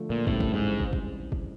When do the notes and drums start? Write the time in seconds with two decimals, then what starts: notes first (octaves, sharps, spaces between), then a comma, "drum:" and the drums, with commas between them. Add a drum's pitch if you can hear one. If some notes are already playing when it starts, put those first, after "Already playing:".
Already playing: D3 F3 A3
0.10 A#2
0.27 A2 C#3 E3 G3 C4, drum: kick
0.41 drum: kick
0.54 G#2
0.80 drum: kick
0.93 drum: kick
1.32 drum: kick